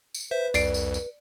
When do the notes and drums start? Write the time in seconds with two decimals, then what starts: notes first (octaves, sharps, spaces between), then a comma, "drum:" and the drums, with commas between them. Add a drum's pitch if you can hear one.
0.14 drum: tambourine
0.31 B4 C5 E5
0.54 C2 F2 D5 C7 D7, drum: tambourine
0.74 drum: tambourine
0.94 drum: tambourine